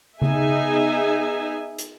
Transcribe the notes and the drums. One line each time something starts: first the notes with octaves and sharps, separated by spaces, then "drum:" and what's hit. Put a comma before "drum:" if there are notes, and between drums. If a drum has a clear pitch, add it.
B3 D#4 G#4 E5 G#5, drum: tom C#3
drum: hi-hat